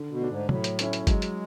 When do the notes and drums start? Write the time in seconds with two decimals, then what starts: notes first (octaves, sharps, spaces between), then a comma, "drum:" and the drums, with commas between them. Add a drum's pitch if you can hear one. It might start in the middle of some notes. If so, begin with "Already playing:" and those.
Already playing: D3
0.11 B2
0.20 A3 D4
0.30 G#2
0.49 A2 F#3, drum: tom
0.64 drum: hi-hat
0.79 A3 C#4 E4, drum: hi-hat
0.93 drum: hi-hat
1.07 F#3 G#3, drum: kick G1, hi-hat
1.22 drum: hi-hat